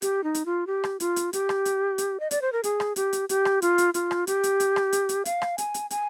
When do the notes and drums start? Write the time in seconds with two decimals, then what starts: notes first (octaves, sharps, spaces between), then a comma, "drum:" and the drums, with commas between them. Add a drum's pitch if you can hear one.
0.02 G4, drum: hi-hat
0.24 D#4
0.35 drum: hi-hat
0.46 F4
0.67 G4
0.84 drum: rim click
1.00 F4, drum: hi-hat
1.16 drum: hi-hat
1.33 G4, drum: hi-hat
1.49 drum: rim click
1.65 drum: hi-hat
1.98 drum: hi-hat
2.20 D#5
2.31 D5, drum: hi-hat
2.42 C5
2.53 A#4
2.64 G#4, drum: hi-hat
2.80 drum: rim click
2.96 G4, drum: hi-hat
3.13 drum: hi-hat
3.29 G4, drum: hi-hat
3.45 drum: rim click
3.62 F4, drum: hi-hat
3.78 drum: hi-hat
3.94 F4, drum: hi-hat
4.11 drum: rim click
4.27 G4, drum: hi-hat
4.43 drum: hi-hat
4.60 drum: hi-hat
4.76 drum: rim click
4.93 drum: hi-hat
5.09 drum: hi-hat
5.25 F5, drum: hi-hat
5.42 drum: rim click
5.58 G#5, drum: hi-hat
5.74 drum: hi-hat
5.90 G#5, drum: hi-hat